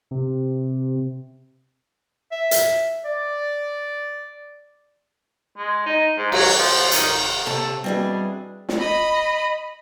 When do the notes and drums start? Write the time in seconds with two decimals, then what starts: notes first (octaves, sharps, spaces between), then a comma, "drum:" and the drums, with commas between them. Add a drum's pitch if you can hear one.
0.11 C3
2.32 E5
2.51 drum: hi-hat
3.05 D5
5.58 G#3
5.86 D#4
6.18 G#2
6.32 F#3, drum: cymbal
6.58 F3
6.92 D#3, drum: hi-hat
7.46 C3 A4 A5
7.84 B2 E3 G3 C4 D4 G#4
8.69 drum: snare
8.78 D#5 B5